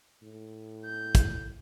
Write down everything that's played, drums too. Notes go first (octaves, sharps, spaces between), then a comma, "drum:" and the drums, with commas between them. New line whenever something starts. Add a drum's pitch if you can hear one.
A2
G6
drum: kick, hi-hat